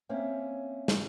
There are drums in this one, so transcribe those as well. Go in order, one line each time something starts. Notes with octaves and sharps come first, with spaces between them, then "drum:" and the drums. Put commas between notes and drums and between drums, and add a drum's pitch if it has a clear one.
A#3 C4 C#4 E5
drum: snare